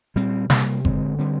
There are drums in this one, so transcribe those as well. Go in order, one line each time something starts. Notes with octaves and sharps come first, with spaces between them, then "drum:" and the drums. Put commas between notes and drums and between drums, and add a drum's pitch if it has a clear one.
A#2 G3 C4
C3 G3 A#3, drum: snare
D3 G#3 C4, drum: kick G1
D3 G3 C4